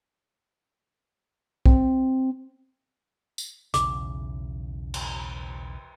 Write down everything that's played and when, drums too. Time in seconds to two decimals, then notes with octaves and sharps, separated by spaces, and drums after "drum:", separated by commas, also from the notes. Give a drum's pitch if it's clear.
1.66 C4, drum: kick
3.38 drum: tambourine
3.74 B1 E2 C#3 D6, drum: hi-hat
4.94 drum: cymbal